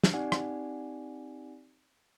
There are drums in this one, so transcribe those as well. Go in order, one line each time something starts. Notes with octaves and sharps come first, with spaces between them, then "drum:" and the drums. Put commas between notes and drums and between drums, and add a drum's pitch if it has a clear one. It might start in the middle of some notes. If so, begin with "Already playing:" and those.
drum: snare
C4 D#4 G4 D5 F#5 G#5
drum: rim click